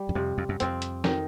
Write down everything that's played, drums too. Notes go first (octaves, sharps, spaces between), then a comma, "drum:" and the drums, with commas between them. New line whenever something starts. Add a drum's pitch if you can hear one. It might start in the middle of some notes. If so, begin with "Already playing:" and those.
Already playing: G3
F#2
F2 C3
F2
F#2
F2 C4, drum: hi-hat
drum: hi-hat
D#3, drum: snare